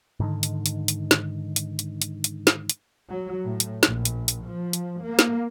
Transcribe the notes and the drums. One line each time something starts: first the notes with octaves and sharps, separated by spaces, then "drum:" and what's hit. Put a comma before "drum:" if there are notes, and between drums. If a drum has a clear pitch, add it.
G#2 D3 D#3
drum: hi-hat
drum: hi-hat
drum: hi-hat
drum: snare
drum: hi-hat
drum: hi-hat
drum: hi-hat
drum: hi-hat
drum: snare
drum: hi-hat
F#3
A2
drum: hi-hat
A#1, drum: snare
drum: hi-hat
drum: hi-hat
F3
drum: hi-hat
A#3
drum: snare